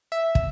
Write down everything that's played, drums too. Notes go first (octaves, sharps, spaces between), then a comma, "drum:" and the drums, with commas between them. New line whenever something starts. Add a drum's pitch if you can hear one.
E5
drum: kick